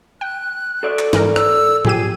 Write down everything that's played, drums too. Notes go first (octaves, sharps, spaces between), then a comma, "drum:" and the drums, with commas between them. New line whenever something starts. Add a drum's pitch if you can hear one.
G5 F#6
A4 D5 E5
drum: clap
G#2 E3 A#4, drum: snare
E6, drum: rim click
F3 G4 G#4 D#7, drum: tom G#2